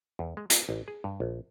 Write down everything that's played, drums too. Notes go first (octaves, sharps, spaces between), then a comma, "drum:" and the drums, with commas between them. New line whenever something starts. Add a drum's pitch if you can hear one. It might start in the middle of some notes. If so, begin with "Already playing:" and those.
E2
G#3
F4, drum: hi-hat
A1
G#4
G2
A#1